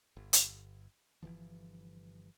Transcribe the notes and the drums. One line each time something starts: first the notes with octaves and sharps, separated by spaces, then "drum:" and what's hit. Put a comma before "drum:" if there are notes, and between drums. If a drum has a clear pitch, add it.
G1
drum: hi-hat
G1 C#3 E3 F3